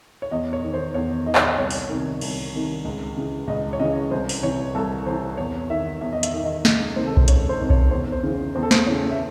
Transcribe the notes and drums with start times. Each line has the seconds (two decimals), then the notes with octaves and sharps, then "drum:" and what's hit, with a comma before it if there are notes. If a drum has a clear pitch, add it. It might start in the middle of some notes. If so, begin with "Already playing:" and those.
0.22 C#5
0.31 E2 D#5
0.53 C#5
0.63 D#3
0.73 C5
0.94 E2 C#5
1.26 D#3 D#5
1.35 C#5, drum: clap
1.43 D#5
1.57 C2 C#5
1.70 drum: open hi-hat
1.89 C3 D#3
2.21 C2, drum: cymbal
2.54 C3 D#3
2.85 C#2
3.16 C#3 E3
3.47 C#2 D#5
3.73 C#5
3.79 C#3 E3 D#5
4.11 C2 C5
4.29 drum: open hi-hat
4.43 C3 E3 C#5
4.75 C2 A4
5.06 C3 E3 C5
5.37 E2 C#5
5.70 D#3 E5
6.01 E2 E5
6.13 D#5
6.23 E5, drum: hi-hat
6.34 D#3 E5
6.44 D#5
6.65 C#2 D#5, drum: snare
6.96 C3 D#3 C5
7.07 A4
7.17 C5, drum: kick B1
7.28 C#2 C#5, drum: hi-hat
7.49 C5
7.59 C3 D#3
7.70 C#5, drum: kick B1
7.91 E2 C5
8.12 C5
8.23 C#3 E3
8.55 E2 C5
8.63 A4
8.71 C5, drum: snare
8.87 C#3 E3 C#5
9.11 E5